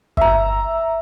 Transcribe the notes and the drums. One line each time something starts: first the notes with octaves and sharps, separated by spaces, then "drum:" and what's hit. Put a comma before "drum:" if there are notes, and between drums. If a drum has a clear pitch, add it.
E5 A#5, drum: kick G1